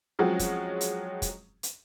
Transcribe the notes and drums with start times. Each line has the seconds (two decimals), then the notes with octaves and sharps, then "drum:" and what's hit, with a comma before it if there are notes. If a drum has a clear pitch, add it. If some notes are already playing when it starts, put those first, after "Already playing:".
0.19 F3 F#3 G#3 C4 C#4 F#4
0.39 drum: kick, hi-hat
0.81 drum: hi-hat
1.22 drum: kick, hi-hat
1.63 drum: hi-hat